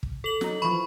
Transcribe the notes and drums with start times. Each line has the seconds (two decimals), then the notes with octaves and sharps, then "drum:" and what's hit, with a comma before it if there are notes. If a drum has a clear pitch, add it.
0.03 drum: kick
0.24 A4 F#7
0.41 F#3 D#4, drum: snare
0.62 E3 F3 B5 C#6